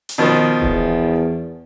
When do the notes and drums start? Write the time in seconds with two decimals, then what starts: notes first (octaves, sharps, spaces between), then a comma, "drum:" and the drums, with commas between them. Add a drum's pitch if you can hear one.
0.09 drum: hi-hat
0.18 B2 D#3 F3
0.62 E2, drum: kick D#1